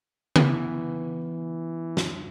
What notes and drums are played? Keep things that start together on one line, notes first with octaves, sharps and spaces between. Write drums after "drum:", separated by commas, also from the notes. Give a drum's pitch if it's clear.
E3 B3, drum: tom C#3
drum: snare